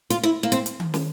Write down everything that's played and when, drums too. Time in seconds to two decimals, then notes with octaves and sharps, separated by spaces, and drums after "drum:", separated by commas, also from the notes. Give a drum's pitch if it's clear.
0.10 F4, drum: hi-hat
0.23 E4
0.43 A#3
0.52 C4, drum: hi-hat
0.66 drum: hi-hat
0.80 drum: tom D#3
0.94 drum: snare